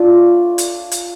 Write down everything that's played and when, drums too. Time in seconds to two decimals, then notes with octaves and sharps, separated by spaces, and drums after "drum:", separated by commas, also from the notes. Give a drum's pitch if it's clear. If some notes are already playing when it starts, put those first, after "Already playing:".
Already playing: A3 D4 F4
0.58 drum: hi-hat
0.91 drum: hi-hat